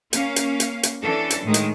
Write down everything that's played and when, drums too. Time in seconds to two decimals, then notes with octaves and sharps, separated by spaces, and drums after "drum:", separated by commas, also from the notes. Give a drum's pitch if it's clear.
0.13 A#3 C#4 F5, drum: hi-hat
0.36 drum: hi-hat
0.60 drum: hi-hat
0.83 drum: hi-hat
1.02 E3 C#4 D4 A4
1.30 drum: hi-hat
1.44 A2 D#3 G#3
1.54 drum: hi-hat